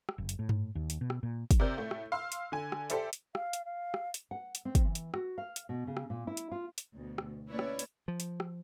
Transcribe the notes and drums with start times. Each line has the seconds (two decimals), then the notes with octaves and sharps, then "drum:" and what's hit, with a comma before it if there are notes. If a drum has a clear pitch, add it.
0.09 drum: rim click
0.18 F#1
0.29 drum: hi-hat
0.39 A2
0.49 drum: tom G2
0.75 D#2
0.90 drum: hi-hat
1.01 B2
1.10 drum: rim click
1.23 A#2
1.51 drum: kick, hi-hat
1.60 C3 A#4 D5 G6
1.78 A2 A3 E4
1.91 drum: rim click
2.12 F5 C6 E6
2.32 drum: hi-hat
2.52 D3 G#5
2.72 drum: rim click
2.90 G4 A4 C5 D5 E5, drum: hi-hat
3.13 drum: hi-hat
3.35 F5, drum: rim click
3.53 drum: hi-hat
3.65 F5
3.94 drum: rim click
4.14 drum: hi-hat
4.31 F#5
4.55 drum: hi-hat
4.65 C4
4.75 drum: kick, hi-hat
4.85 E3
4.95 drum: hi-hat
5.14 F#4, drum: rim click
5.38 F5
5.56 drum: hi-hat
5.69 B2
5.87 C#3
5.97 drum: rim click
6.10 A#2
6.27 E4
6.37 drum: hi-hat
6.52 F4
6.78 drum: hi-hat
6.95 D2 B2
7.18 drum: rim click
7.48 A#3 C#4 E4 B4 C#5 D5
7.59 drum: rim click
7.79 drum: hi-hat
8.08 F3
8.20 drum: hi-hat
8.40 drum: rim click